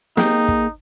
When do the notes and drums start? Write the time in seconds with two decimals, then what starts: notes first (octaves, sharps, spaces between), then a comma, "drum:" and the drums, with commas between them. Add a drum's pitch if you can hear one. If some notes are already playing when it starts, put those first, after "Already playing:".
0.17 A#3 D#4 G#4 G5, drum: snare
0.48 drum: kick